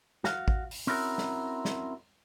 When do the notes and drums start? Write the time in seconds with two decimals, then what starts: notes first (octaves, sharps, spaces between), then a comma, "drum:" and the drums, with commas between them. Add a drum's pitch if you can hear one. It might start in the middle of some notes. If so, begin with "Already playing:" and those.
0.24 F#4 F5, drum: snare
0.48 drum: kick A1
0.71 drum: open hi-hat
0.87 C4 C#4 E4 F#4 A#4
1.18 drum: snare
1.65 drum: snare